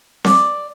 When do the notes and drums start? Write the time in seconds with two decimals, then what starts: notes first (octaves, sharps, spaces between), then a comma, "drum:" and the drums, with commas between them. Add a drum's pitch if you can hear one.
0.25 D5, drum: snare C4